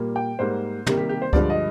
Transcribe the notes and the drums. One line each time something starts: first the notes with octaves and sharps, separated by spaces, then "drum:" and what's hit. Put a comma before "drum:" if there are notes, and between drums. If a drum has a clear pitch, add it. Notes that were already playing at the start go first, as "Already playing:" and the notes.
Already playing: A#2 G3 A#3
G5
G#2 G3 A#3 C5
C3 D#3 G3 A#3, drum: tom
G4
G4
C5
G2 D3 F3 G#3 D5, drum: kick C#2
D#5